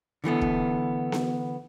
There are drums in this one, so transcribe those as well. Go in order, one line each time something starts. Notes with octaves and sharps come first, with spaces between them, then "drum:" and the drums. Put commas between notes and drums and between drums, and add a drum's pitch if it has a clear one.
D3 E3 A3 B3
drum: kick
drum: snare B3